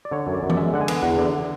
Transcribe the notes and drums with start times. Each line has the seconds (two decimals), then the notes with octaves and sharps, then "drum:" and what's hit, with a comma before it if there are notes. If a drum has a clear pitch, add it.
0.05 D5
0.11 D3 C#5
0.27 F#2
0.34 D5
0.43 F#2
0.50 D5, drum: tom E3
0.57 G#3 E5
0.73 D3 F#5
0.81 G#5
0.88 B3, drum: cymbal
1.03 E2 F#5
1.18 D3